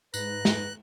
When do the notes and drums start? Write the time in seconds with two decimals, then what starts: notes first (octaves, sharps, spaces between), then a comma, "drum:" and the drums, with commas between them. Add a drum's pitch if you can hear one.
0.14 G#2 B4 A#5 F#6, drum: tambourine
0.45 drum: snare